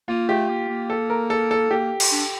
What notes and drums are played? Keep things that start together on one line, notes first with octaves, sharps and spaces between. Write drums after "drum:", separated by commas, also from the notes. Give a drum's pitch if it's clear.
A#3 F4
A3 G4
A#3
A#3
A4
A#4
A4
A4
A#3 G4
drum: cymbal
D4